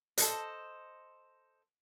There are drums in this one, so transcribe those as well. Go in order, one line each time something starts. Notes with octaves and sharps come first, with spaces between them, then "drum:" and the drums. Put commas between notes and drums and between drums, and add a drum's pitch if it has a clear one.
A4 C5 D#5, drum: hi-hat